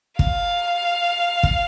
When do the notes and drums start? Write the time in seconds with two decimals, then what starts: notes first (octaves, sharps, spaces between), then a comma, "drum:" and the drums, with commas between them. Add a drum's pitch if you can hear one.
0.19 F5, drum: kick
1.43 drum: kick